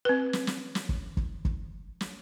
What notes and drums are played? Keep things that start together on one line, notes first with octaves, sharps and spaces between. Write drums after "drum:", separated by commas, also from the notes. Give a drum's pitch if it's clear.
C4 B4
drum: snare
drum: snare
drum: snare
drum: kick
drum: kick
drum: kick
drum: snare